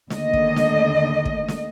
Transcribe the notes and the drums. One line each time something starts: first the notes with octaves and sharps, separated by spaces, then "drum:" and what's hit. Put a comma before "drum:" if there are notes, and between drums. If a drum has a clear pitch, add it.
D#2 D3 A3 D#5, drum: snare
drum: kick
drum: snare
drum: kick
drum: snare